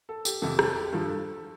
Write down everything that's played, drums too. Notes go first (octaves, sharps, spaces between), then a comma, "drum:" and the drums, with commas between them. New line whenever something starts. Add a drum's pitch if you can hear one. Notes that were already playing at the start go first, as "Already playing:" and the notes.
A4
G4, drum: tambourine
F2 C3 F3 A4
A4, drum: rim click
G4
G2 F3 A4